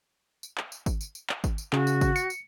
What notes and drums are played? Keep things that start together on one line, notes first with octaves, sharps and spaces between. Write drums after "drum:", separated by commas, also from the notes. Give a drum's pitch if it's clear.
drum: tambourine
drum: clap
drum: tambourine
drum: kick G#1, tambourine
drum: tambourine
drum: tambourine
drum: clap
drum: kick G#1, tambourine
drum: tambourine
C#3 F#4, drum: clap
drum: tambourine
drum: kick G#1, tambourine
C#7, drum: tambourine
drum: tambourine